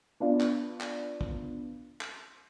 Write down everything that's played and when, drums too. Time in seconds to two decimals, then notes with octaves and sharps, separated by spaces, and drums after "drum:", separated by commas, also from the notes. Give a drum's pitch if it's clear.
0.20 B3 D4 F4
0.40 drum: clap
0.80 drum: clap
1.21 drum: kick
2.01 drum: clap